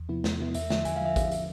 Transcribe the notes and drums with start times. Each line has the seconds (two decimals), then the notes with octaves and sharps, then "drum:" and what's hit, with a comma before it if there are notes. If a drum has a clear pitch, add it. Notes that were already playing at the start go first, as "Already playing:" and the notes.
Already playing: E2
0.09 C3 F3 B3 E4
0.24 E2, drum: snare
0.40 C3 F3 B3 E4
0.54 E2 E5, drum: hi-hat
0.70 D3 F3 E5, drum: snare
0.85 E2 G#5, drum: hi-hat
0.96 F5
1.01 D3 F3 E5
1.16 drum: kick, hi-hat
1.31 drum: hi-hat